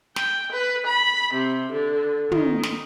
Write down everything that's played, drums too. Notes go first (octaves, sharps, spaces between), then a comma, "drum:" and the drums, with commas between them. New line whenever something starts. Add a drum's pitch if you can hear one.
G5, drum: snare
B4
B5
C3
D3
D#3, drum: tom
drum: snare